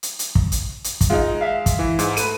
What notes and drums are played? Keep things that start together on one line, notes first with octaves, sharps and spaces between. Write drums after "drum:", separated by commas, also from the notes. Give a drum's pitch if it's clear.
drum: hi-hat
drum: hi-hat
drum: kick
drum: hi-hat
drum: hi-hat
drum: kick, hi-hat
G#3 D#4 F4
E5 F5
drum: kick, hi-hat
E3
G#2, drum: hi-hat
A3 B4 D#7, drum: hi-hat